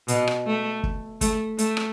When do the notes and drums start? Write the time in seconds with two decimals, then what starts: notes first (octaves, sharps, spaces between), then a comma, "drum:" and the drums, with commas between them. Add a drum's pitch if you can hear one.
0.08 B2, drum: hi-hat
0.27 drum: rim click
0.47 A3
0.83 drum: kick
1.21 A3, drum: kick, hi-hat
1.59 A3, drum: hi-hat
1.77 drum: rim click